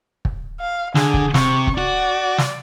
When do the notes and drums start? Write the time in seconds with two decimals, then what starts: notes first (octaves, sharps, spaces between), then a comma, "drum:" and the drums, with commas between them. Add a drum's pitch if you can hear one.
0.25 drum: kick
0.60 F5
0.95 D3 G#4, drum: snare
1.14 drum: kick
1.34 C3 C#6, drum: snare
1.67 drum: kick
1.78 F#4 D5
2.38 drum: snare